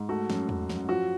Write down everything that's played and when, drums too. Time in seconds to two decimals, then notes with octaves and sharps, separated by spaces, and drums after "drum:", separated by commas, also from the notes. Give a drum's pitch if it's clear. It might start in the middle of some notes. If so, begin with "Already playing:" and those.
Already playing: G#2
0.09 A3 F#4
0.30 F#2, drum: snare
0.49 F#2, drum: tom E2
0.69 F#2, drum: snare
0.89 F3 F#4